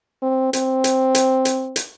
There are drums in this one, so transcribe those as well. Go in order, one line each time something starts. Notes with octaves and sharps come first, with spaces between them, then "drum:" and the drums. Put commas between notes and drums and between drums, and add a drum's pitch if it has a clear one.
C4
C4, drum: hi-hat
drum: hi-hat
drum: hi-hat
drum: hi-hat
drum: hi-hat